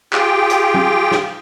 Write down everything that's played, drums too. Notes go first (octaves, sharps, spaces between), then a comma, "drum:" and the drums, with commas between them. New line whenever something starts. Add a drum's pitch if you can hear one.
F4 G4 G#4 G5, drum: clap
drum: hi-hat
drum: tom F#3
drum: snare